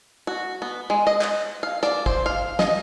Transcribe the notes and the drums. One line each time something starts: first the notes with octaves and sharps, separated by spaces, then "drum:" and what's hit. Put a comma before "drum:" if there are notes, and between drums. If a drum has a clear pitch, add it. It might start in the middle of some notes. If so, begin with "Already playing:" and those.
F#4
B3
G#3
D#5
drum: clap
F5
D5, drum: hi-hat
C5, drum: kick
F5
D#5, drum: snare